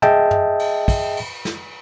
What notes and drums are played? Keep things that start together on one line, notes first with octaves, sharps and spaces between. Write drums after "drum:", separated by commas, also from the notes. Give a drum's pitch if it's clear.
G#4 D#5 E5 G5 A5, drum: tom
drum: tom
drum: cymbal
drum: kick, cymbal
drum: cymbal
drum: snare